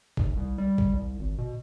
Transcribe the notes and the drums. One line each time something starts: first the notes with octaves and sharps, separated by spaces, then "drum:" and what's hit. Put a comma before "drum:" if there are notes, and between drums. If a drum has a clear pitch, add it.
F1, drum: kick A1
C2
G3
drum: kick A1
C2
G#1
B2